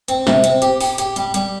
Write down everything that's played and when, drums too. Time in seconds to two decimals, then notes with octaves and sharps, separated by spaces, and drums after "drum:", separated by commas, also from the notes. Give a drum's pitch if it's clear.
0.08 C4, drum: hi-hat
0.27 C3, drum: snare
0.44 C4, drum: hi-hat
0.62 G4, drum: hi-hat
0.81 G4, drum: open hi-hat
0.98 G4, drum: hi-hat
1.16 G3, drum: hi-hat
1.34 G3, drum: hi-hat